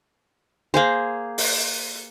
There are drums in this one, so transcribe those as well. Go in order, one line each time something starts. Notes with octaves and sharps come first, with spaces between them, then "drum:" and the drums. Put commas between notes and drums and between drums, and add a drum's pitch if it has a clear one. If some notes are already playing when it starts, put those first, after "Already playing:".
A#3 G#4 C5
drum: open hi-hat